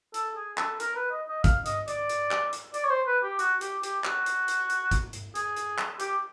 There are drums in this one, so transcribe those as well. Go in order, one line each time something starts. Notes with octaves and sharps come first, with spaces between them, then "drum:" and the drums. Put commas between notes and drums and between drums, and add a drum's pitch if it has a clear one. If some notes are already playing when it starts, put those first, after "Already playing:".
A4, drum: hi-hat
G#4
A4, drum: clap
A#4, drum: hi-hat
B4
D#5
D#5
F5, drum: kick A1, hi-hat
D#5, drum: hi-hat
D5, drum: hi-hat
drum: hi-hat
drum: clap
drum: hi-hat
D5, drum: hi-hat
C#5
C5
B4
G4
F#4, drum: hi-hat
G4, drum: hi-hat
G4, drum: hi-hat
F#4, drum: clap
drum: hi-hat
drum: hi-hat
drum: hi-hat
drum: kick A1, hi-hat
drum: hi-hat
G#4, drum: hi-hat
drum: hi-hat
drum: clap
G4, drum: hi-hat